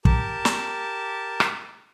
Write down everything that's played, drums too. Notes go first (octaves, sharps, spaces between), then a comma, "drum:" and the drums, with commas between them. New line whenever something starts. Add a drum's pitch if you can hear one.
G4 A#4 A5, drum: kick
drum: snare
drum: rim click